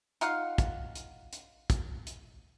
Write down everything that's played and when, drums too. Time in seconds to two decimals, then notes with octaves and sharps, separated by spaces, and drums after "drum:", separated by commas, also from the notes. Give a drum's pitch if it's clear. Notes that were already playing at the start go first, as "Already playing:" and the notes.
0.21 D#4 F4 F5 F#5, drum: hi-hat
0.58 drum: kick, hi-hat
0.95 drum: hi-hat
1.33 drum: hi-hat
1.70 drum: kick, hi-hat
2.07 drum: hi-hat